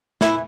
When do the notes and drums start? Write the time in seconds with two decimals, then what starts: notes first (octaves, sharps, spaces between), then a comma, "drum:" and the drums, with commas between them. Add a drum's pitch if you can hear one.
0.21 E3 E4, drum: snare